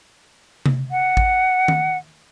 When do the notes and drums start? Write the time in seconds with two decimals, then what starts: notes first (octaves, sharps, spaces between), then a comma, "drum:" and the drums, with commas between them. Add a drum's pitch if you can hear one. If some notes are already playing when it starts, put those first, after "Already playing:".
0.66 drum: tom C3
0.91 F#5
1.17 drum: kick A1
1.68 drum: tom D#3